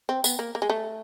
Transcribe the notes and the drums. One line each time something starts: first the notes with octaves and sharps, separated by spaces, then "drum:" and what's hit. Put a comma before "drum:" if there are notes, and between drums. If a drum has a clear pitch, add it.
C4
B3, drum: tambourine
A#3
A#3
G#3
A3